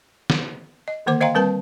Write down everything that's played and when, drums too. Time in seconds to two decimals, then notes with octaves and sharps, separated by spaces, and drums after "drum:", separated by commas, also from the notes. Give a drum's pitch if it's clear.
0.30 drum: snare
0.88 D#5
1.06 D3 D#3 A#3 C5 D6
1.21 C5 D#5 F5 G5 A#5 C6
1.35 G3 C4 A#4 B4 G#5 A5